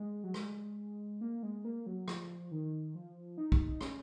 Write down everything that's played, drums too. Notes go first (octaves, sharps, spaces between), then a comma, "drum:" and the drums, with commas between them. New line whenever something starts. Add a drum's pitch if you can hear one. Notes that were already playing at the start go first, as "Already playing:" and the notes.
Already playing: G#3
F#3
G#3, drum: rim click
A#3
G#3
A#3
F#3
F3, drum: rim click
D#3
F3
D#4
drum: kick
C#4, drum: rim click